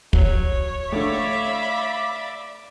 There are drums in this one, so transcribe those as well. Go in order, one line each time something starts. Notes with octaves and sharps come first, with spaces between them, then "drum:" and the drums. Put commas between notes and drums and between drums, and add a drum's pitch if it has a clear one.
F#3 C#5, drum: kick
A2 D3 D5 E5 F5 B5 D6